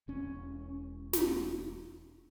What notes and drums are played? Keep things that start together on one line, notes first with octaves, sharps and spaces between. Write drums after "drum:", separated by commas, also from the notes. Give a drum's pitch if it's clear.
E1 C#4
drum: snare